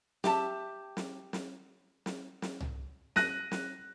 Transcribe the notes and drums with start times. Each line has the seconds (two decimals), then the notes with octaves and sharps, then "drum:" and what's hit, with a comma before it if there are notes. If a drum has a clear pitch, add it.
0.24 G4 E5 A5, drum: snare
0.97 drum: snare
1.33 drum: snare
2.06 drum: snare
2.42 drum: snare
2.60 drum: tom C2
3.16 F#6 A#6 D#7, drum: snare
3.51 drum: snare